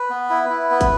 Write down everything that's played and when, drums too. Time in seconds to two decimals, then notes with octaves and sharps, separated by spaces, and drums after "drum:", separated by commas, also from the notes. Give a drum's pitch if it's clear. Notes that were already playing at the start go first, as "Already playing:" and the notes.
Already playing: B4
0.10 B3
0.30 E4
0.50 E4
0.71 B3
0.81 drum: kick, hi-hat